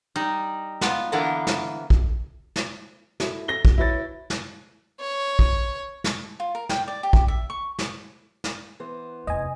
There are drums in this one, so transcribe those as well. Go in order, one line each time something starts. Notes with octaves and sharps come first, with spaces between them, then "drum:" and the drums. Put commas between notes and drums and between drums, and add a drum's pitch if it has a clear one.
G3 D#4
B3 F4 B4 F5, drum: snare
D3 E3 A#3 B3 D4 E4
drum: snare
drum: kick
drum: snare
E4 F#4 A4, drum: snare
A4 A#6 G7
drum: kick
E4 F#4 B4 C#5 A6
drum: snare
C#5
drum: kick
drum: snare
F4
A#4
G5, drum: snare
D5
G4
drum: kick
E5
C#6
drum: snare
drum: snare
E3 B3 C5
F1 E2 D#5 G#5